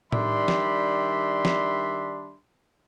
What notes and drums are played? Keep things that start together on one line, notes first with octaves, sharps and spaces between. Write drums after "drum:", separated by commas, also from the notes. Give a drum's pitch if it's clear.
D#3 G3 D4 E5 B5 C6, drum: tom A2
drum: snare
drum: snare